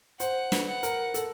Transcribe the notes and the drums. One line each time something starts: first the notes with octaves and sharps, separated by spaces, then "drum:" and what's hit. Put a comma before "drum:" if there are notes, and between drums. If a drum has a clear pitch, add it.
C5 F#5, drum: hi-hat
B4, drum: snare
F#5
A#4, drum: hi-hat
A4, drum: hi-hat